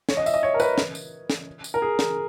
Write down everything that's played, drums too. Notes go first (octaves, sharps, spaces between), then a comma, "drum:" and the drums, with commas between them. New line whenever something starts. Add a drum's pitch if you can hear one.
C#5, drum: snare
D#5
E5, drum: tambourine
D#5
C#5
A#4
B4, drum: tambourine
drum: snare
drum: tambourine
drum: snare
drum: tambourine
A#4
G#4
drum: snare